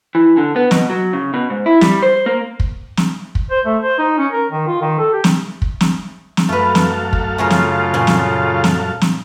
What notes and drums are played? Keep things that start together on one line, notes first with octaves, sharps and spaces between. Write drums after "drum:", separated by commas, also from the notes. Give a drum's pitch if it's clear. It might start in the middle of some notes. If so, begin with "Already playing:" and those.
E3
D3
B3
B2, drum: snare
F#3
C#3
B2
G#2
E4
G3, drum: snare
C5
A#3
drum: kick
drum: snare
drum: kick
C5
A3
C5
D#4
C#4
A#4
D#3
F4
D#3
A4
G4
drum: snare
drum: kick
drum: snare
drum: snare
F#2 A3 A4 B4 F5
drum: snare
drum: kick
C#3 A3 C#4 F4 A#4
drum: snare
A#2 C#4 C6
drum: snare
drum: snare
drum: snare